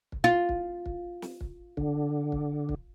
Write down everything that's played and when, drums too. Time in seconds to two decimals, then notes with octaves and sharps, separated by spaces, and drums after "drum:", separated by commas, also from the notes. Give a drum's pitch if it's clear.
0.12 drum: kick
0.24 F4
0.49 drum: kick
0.86 drum: kick
1.22 drum: snare
1.41 drum: kick
1.77 D3, drum: kick
2.32 drum: kick
2.69 drum: kick